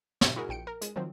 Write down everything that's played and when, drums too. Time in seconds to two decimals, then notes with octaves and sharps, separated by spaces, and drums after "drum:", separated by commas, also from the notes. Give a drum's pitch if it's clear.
0.21 G2 B2, drum: snare
0.36 E4 F#4 G#4 A#4
0.49 A#1 G5 C#7 D7
0.67 A#4
0.81 G#3, drum: hi-hat
0.96 D#3 F3 F#3 C4